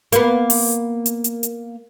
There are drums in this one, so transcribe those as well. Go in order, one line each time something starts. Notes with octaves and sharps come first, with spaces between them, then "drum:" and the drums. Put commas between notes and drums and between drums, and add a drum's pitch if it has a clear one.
A#3 B3, drum: hi-hat
drum: open hi-hat
drum: hi-hat
drum: hi-hat
drum: hi-hat